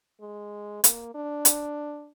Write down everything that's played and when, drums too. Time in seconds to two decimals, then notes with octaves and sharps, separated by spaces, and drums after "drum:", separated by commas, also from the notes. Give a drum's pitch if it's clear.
0.21 G#3
0.84 A#3, drum: hi-hat
1.15 D4
1.45 drum: hi-hat